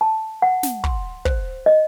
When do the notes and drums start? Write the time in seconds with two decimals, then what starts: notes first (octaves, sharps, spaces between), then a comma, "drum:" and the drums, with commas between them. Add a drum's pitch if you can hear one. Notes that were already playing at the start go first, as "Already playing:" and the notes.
0.01 A5
0.42 F#5
0.63 drum: snare
0.84 C6, drum: kick
1.25 C5, drum: kick
1.66 D#5